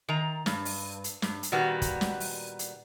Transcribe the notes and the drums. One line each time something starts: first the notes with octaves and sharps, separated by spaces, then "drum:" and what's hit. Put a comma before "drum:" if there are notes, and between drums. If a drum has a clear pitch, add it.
D#3 A#5
G2, drum: snare
drum: open hi-hat
drum: hi-hat
G2, drum: snare
drum: hi-hat
A#2 D#3 G3 B3 F#4
drum: kick, hi-hat
drum: snare
drum: open hi-hat
drum: hi-hat